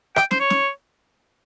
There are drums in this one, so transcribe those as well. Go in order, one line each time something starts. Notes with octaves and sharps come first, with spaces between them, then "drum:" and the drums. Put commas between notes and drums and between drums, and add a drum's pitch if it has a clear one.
G5, drum: rim click
C5, drum: snare
C#5
drum: snare